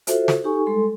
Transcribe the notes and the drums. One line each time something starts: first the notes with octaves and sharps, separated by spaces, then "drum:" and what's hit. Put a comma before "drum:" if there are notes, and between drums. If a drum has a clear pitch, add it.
F4 F#4 A4 C5 E5, drum: hi-hat
drum: snare
D#4 G4 A4 G#5 C#6
G3 G#3 A4 C6